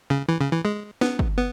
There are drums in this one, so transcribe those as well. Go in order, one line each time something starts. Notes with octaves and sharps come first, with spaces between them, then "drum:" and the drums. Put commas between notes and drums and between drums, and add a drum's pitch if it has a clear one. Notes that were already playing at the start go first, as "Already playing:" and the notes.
C#3
E3
C#3
E3
G#3
B3, drum: snare
drum: kick
B3